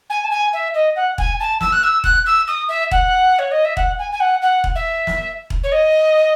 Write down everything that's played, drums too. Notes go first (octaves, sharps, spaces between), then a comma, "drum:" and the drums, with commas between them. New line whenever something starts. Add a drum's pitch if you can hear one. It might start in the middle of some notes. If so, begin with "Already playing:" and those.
G#5
A5
G#5
E5
D#5
F#5
G#5, drum: kick E1
A5
E6, drum: snare
F#6
E6
F#6, drum: kick E1
E6
D#6
E5
F#5, drum: kick E1
C#5
D#5
E5
F#5, drum: kick E1
G#5
G#5
F#5
F#5
drum: kick E1
E5
drum: snare
drum: kick E1
C#5
D#5